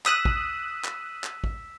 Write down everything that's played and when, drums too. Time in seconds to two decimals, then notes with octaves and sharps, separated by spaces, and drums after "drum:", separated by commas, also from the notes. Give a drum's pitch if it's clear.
0.06 D#6 E6 F#6 B6 D#7 E7, drum: clap
0.25 drum: kick
0.84 drum: clap
1.24 drum: clap
1.44 drum: kick